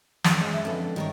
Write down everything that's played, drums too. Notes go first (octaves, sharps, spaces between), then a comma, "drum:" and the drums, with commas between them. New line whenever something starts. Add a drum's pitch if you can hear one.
F#2 F#3, drum: snare
G#3 C#4 D#5 G#5
E5
F2 D3 C#4 A4 B4 G5
G2 D#3 G4 A#4 C#5